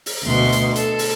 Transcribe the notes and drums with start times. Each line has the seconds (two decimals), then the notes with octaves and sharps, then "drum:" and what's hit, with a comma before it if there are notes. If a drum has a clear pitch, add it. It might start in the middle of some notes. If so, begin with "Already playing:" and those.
0.06 drum: open hi-hat
0.24 D2 B2 C6
0.52 drum: hi-hat
0.76 A4, drum: hi-hat
0.99 drum: open hi-hat